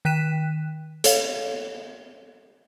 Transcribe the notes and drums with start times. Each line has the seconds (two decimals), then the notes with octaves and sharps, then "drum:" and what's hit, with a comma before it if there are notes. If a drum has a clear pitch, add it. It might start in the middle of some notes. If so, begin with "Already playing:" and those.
0.05 D#3 G5 F#6 B6 D#7 E7
1.04 A4 C#5 F5, drum: hi-hat